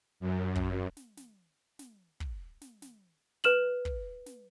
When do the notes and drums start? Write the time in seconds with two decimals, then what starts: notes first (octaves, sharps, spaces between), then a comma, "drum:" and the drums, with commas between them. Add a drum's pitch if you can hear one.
0.20 F#2
0.55 drum: kick
0.97 drum: snare
1.17 drum: snare
1.79 drum: snare
2.20 drum: kick
2.61 drum: snare
2.82 drum: snare
3.44 B4 F6 E7 F#7, drum: snare
3.85 drum: kick
4.26 drum: snare